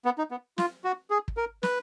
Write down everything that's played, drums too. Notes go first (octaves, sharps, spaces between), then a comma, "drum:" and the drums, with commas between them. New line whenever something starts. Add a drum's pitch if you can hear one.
B3
D#4
B3
F4, drum: snare
F#4
G#4
drum: kick
A#4
B4, drum: snare